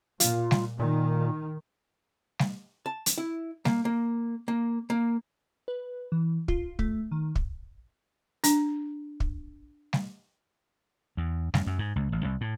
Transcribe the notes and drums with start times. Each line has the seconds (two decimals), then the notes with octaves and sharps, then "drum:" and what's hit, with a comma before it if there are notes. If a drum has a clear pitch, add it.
0.20 A#2 F4, drum: hi-hat
0.51 drum: snare G3
0.80 A#2 D#3
2.39 drum: snare G3
2.86 A5
3.06 drum: hi-hat
3.18 E4
3.65 A#3, drum: snare G3
3.85 A#3
4.48 A#3
4.90 A#3
5.68 B4
6.12 E3
6.48 F4, drum: kick
6.79 A3, drum: kick
7.11 D#3
7.35 drum: kick
8.44 D4, drum: hi-hat
9.20 drum: kick
9.93 drum: snare G3
11.17 E2
11.54 F#2, drum: snare G3
11.67 F#2
11.79 G#2
11.96 C#2
12.12 A1
12.25 C2
12.41 A2